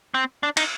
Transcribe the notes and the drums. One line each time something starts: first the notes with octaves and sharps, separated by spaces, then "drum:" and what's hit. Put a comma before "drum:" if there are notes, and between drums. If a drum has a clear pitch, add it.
C4
D4
D#4, drum: cymbal